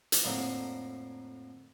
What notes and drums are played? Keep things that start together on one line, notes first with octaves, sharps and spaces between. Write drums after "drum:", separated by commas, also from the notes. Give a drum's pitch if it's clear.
drum: hi-hat
F2 A2 D3 A#3